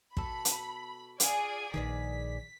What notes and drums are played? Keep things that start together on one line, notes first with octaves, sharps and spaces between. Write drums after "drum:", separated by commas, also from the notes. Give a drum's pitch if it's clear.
B2 A4 B5, drum: kick
drum: hi-hat
F4 G#4 D5 F5 F#5 G#5, drum: hi-hat
A#1 D#3 G#4 B4 D5 B6